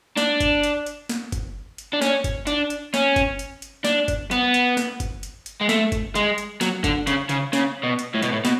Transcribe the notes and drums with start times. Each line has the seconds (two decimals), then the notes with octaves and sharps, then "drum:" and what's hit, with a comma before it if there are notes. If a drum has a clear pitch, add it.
0.17 D4, drum: snare
0.41 drum: kick F#1, hi-hat
0.63 drum: hi-hat
0.86 drum: hi-hat
1.09 drum: snare
1.32 drum: kick F#1, hi-hat
1.78 drum: hi-hat
1.93 D4
2.02 C#4, drum: snare
2.24 drum: kick F#1, hi-hat
2.47 D4, drum: hi-hat
2.70 drum: hi-hat
2.94 C#4, drum: snare
3.16 drum: kick F#1, hi-hat
3.39 drum: hi-hat
3.62 drum: hi-hat
3.85 D4, drum: snare
4.08 drum: kick F#1, hi-hat
4.31 B3, drum: hi-hat
4.54 drum: hi-hat
4.77 drum: snare
5.00 drum: kick F#1, hi-hat
5.23 drum: hi-hat
5.46 drum: hi-hat
5.61 G#3
5.69 A3, drum: snare
5.92 drum: kick F#1, hi-hat
6.15 G#3, drum: hi-hat
6.38 drum: hi-hat
6.61 F#3, drum: snare
6.84 D3, drum: kick F#1, hi-hat
7.07 C#3, drum: hi-hat
7.29 C#3, drum: hi-hat
7.53 C#3, drum: snare
7.83 B2
7.99 drum: hi-hat
8.14 A2
8.22 B2, drum: hi-hat
8.32 A2
8.45 B2, drum: snare